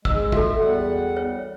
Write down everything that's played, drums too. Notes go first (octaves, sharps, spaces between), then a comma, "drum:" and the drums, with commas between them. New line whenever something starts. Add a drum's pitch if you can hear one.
G#3 E6, drum: kick
F#4 A4 E5, drum: kick
E2 G3 F#5
C#5